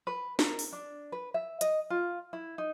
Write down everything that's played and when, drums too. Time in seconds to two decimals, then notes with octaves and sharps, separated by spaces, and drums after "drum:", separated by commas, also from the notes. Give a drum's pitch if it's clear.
0.07 B4
0.39 A#4, drum: snare
0.59 drum: open hi-hat
0.73 D4
1.12 B4
1.34 E5
1.61 D#5, drum: hi-hat
1.90 F4
2.33 E4
2.58 D#4